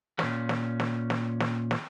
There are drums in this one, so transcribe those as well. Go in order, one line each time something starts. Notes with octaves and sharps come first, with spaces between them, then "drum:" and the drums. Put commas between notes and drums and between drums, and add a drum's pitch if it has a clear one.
A#2 C#4, drum: snare
drum: snare
drum: snare
drum: snare
drum: snare
drum: snare